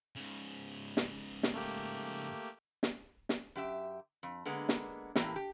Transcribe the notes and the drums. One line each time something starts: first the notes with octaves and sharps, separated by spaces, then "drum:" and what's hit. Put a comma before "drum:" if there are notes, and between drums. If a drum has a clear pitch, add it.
G#2 C#3
drum: snare
drum: snare
A3 A#3 G4
drum: snare
drum: snare
F#2 G4 E5
F2
D3 G#3 A#3 B3
drum: snare
A2 E3 A#3 G4, drum: snare
G4